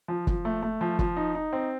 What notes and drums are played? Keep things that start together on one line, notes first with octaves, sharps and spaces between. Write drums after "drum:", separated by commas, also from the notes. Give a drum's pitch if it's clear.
F3
F3, drum: kick
A3
A3
F3
F3, drum: kick
D#4
D#4
C4